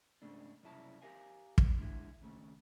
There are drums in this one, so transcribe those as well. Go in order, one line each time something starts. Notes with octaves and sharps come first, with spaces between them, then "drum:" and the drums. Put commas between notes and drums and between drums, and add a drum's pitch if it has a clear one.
G#2 C#3 A3 D4
C2 F#2 C#3 E4 A5
G4 A#4 F5 G#5
G#2, drum: kick
D3 G#3 E4
D#2 C#3 A3